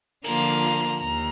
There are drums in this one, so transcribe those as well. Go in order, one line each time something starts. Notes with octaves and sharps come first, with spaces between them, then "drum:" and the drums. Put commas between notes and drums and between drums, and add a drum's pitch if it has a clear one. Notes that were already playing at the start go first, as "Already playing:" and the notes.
D3 F3 A#3 F4 A#5, drum: open hi-hat
D#2 A#5